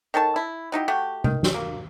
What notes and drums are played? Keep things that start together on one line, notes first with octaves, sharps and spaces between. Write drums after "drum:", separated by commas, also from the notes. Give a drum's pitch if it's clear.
D#3 A4 C#5 A5
E4
F#3 D#4 E4 G4
A3 F#4 G4
D#3, drum: tom C3
drum: snare
A#3